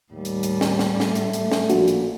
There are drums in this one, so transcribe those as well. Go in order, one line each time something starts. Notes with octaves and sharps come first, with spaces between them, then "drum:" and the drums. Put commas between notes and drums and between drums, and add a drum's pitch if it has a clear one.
D#2 A2 G3
drum: hi-hat
drum: hi-hat
drum: snare
drum: snare
A3, drum: snare
drum: hi-hat
drum: hi-hat
drum: snare
A#1 F#4, drum: hi-hat
drum: hi-hat